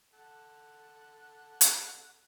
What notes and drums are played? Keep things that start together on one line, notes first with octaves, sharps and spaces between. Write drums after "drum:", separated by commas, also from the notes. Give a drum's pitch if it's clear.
A4 F#5
drum: hi-hat